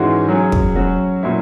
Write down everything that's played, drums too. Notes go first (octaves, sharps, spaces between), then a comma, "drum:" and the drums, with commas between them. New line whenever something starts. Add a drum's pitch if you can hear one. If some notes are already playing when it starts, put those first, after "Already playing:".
Already playing: G#2 E3 G#3 C#4 F#4
F#3 C#4 G#4
drum: kick
F#3 C#4 F#4
A#2 F#3 C#4 E4